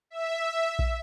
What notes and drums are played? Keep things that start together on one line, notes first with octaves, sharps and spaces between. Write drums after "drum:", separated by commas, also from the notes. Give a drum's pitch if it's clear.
E5
drum: kick A#1